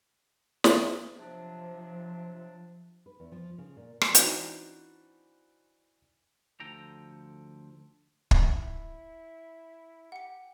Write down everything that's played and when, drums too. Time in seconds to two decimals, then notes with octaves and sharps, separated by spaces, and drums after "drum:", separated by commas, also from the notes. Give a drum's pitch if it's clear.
0.64 drum: snare
1.18 C3 F3 F#3 D4
3.06 B4
3.20 E2
3.32 F3
3.58 C#3
3.77 A#2
4.01 drum: rim click
4.15 E3 C4 D4 D#4 F#4, drum: hi-hat
6.60 D2 F3 A4 G5 A#5
8.31 E4, drum: kick
10.12 G4 F#5 C#7